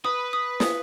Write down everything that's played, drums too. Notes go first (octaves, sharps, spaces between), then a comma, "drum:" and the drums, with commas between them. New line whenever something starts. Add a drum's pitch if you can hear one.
B4 D#6
D#6
D#6, drum: snare